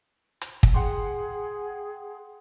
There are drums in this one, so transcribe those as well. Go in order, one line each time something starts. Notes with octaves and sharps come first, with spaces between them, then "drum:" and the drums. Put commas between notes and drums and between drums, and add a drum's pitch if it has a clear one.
drum: hi-hat
drum: kick
G#4 F#5 G5 C6